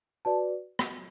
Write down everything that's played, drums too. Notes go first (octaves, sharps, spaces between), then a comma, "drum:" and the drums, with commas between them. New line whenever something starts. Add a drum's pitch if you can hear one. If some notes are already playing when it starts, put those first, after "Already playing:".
F#4 B4 D5 A5
drum: rim click